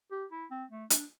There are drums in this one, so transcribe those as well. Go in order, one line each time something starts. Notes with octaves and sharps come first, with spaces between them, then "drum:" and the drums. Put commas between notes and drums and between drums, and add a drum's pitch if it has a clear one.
G4
E4
C4
A3
D4, drum: hi-hat